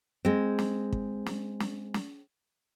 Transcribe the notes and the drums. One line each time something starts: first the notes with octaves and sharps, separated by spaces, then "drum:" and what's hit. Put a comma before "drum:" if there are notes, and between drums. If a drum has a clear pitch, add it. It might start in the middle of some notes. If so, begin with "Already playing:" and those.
G#3 C4
drum: snare
drum: kick
drum: snare
drum: snare
drum: snare